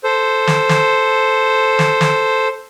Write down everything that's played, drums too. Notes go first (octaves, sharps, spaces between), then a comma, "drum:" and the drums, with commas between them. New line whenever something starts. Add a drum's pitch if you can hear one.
A4 C5
drum: snare
drum: snare
drum: snare
drum: snare